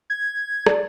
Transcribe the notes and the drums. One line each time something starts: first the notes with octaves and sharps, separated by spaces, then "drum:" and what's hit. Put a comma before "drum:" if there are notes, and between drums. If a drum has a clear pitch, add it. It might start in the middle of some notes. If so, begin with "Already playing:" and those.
G#6
D5, drum: rim click